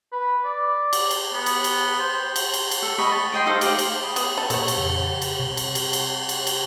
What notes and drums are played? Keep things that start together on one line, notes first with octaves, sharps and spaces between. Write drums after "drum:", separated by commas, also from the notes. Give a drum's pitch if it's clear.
B4
D5
drum: cymbal
drum: cymbal
B3
drum: cymbal
drum: cymbal
C5
drum: cymbal
drum: cymbal
drum: cymbal
A4
D#5 B5 C#6
A5
A#4 D#5 G5 C6
D#4 A4 C5 F5
G4 C5 D#5 F5, drum: cymbal
drum: cymbal
B5 D#6
B3, drum: cymbal
A4
A#2 A4 C#5, drum: cymbal
drum: cymbal
F2 C#3
drum: cymbal
C3
drum: cymbal
drum: cymbal
drum: cymbal
drum: cymbal
drum: cymbal